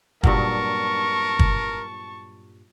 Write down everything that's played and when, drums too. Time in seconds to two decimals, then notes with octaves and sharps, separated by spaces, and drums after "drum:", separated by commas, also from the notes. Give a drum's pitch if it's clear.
0.23 G2 A#2 F#3 A#4 A5 C#6, drum: kick
1.39 drum: kick